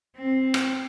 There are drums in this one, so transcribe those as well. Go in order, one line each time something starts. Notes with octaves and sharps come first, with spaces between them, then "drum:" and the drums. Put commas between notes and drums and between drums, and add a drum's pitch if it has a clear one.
C4
drum: rim click